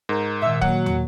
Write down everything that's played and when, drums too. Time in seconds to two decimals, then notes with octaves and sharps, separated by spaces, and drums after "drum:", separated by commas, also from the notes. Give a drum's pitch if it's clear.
0.09 G#2 A#4 A#5
0.42 A#2 D#3 E5
0.61 F#3 A#3 C#5 F#5, drum: kick
0.86 drum: tom